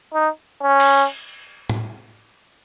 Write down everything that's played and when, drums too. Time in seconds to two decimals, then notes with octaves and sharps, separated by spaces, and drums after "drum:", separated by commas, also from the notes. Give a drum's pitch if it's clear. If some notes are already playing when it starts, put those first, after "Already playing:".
0.14 D#4
0.62 C#4
0.80 drum: cymbal
1.70 drum: tom A2